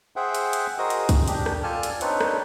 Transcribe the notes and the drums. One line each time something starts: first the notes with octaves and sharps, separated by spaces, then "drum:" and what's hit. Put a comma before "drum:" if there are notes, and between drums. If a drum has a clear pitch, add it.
G#4 C5 E5 F#5 G5
drum: hi-hat
drum: hi-hat
F#4 G#4 A#4 C5 D#5 D#6
drum: hi-hat
drum: kick B1, hi-hat
D4 G4, drum: hi-hat
drum: rim click
F4 A4 D5 G#5 A5 F6
drum: hi-hat
C4 D4 D#4 B4 C#5, drum: hi-hat
drum: rim click